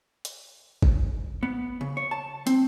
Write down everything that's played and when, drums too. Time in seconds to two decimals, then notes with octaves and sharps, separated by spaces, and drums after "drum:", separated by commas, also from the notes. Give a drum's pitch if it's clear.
0.25 drum: hi-hat
0.82 drum: kick
1.43 B3
1.81 C#3
1.97 C#5
2.11 A5
2.47 C4, drum: hi-hat